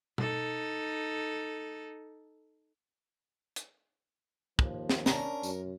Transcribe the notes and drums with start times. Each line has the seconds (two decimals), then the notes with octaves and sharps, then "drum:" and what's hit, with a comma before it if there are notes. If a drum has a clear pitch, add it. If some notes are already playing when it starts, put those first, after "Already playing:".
0.18 D#4 A4, drum: tom B2
3.56 drum: hi-hat
4.59 D#2 F3, drum: kick
4.89 drum: snare
5.06 C#4 D4 A#4, drum: snare
5.43 F#2, drum: tambourine